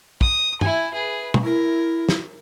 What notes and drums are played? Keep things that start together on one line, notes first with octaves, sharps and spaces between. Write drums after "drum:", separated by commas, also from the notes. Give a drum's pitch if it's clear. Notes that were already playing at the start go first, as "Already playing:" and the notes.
D#6, drum: kick
E4 G#5, drum: tom
G#4 B4
drum: tom
E4 A#4
drum: snare